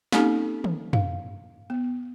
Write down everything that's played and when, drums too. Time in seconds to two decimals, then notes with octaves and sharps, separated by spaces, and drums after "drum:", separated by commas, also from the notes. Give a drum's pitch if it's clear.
0.12 A#3 C4 C#4 D#4 G4 A4, drum: snare
0.64 drum: tom
0.93 F5, drum: tom
1.70 B3